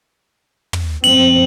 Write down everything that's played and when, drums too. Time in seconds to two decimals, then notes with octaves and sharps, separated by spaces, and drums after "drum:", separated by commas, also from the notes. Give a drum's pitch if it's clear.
0.73 drum: tom
1.04 F#2 F3 C4 F#7